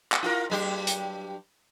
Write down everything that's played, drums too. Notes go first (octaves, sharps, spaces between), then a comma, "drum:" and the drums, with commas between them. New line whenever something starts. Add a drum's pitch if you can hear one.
drum: clap
E4 F4 A#4
G2 F#3 G4
drum: hi-hat